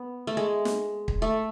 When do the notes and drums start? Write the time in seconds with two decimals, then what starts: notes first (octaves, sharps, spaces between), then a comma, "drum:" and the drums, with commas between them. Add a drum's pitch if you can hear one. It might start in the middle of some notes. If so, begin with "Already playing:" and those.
Already playing: B3
0.27 A3
0.37 G#3
0.65 drum: snare
1.08 drum: kick
1.22 A3